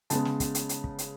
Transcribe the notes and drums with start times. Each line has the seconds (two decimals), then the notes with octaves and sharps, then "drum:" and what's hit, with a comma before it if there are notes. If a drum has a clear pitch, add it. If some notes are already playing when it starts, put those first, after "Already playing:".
0.10 C#3 G#3 B3 A5, drum: hi-hat
0.25 drum: snare
0.40 drum: kick, hi-hat
0.55 drum: hi-hat
0.69 drum: hi-hat
0.84 drum: kick
0.98 drum: hi-hat